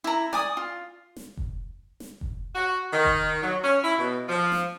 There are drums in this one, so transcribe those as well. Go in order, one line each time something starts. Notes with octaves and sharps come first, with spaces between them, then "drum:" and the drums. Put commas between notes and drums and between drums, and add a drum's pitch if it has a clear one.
E4 A#5
D5 G#5 D#6, drum: snare
F4
drum: snare
drum: kick F1
drum: snare
drum: kick F1
F#4
D#3
drum: kick F1
F#3
C#4
E4
B2
F3
drum: snare